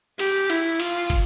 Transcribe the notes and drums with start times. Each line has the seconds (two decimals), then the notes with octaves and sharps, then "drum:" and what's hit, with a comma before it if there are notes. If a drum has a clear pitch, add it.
0.19 G4, drum: cymbal
0.50 E4, drum: cymbal
0.80 F4, drum: cymbal
1.10 drum: kick, cymbal